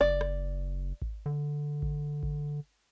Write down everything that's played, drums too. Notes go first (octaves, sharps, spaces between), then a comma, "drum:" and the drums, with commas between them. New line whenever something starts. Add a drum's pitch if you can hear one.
F#1 D5
drum: rim click
drum: kick G#1
D3
drum: kick G#1
drum: kick G#1